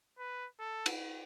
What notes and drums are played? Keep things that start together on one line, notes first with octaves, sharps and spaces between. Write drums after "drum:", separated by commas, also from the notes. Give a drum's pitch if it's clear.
B4
A4
drum: cymbal